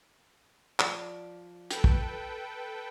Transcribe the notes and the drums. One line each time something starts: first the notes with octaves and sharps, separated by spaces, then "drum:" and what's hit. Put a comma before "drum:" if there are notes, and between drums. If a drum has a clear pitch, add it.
F3 D5, drum: clap
A4 B4 G5, drum: hi-hat
drum: kick